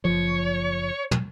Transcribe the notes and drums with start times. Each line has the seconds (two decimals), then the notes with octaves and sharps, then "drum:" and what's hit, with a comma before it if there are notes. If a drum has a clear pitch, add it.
0.05 F#1 F3 C#5
1.11 drum: tom